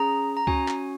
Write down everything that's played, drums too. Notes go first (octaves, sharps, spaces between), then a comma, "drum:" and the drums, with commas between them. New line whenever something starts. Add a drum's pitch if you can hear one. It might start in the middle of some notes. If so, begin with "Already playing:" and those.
Already playing: C#4 G#4 A#5
A#5
C#4 F#4 G#5, drum: kick C#2
drum: clap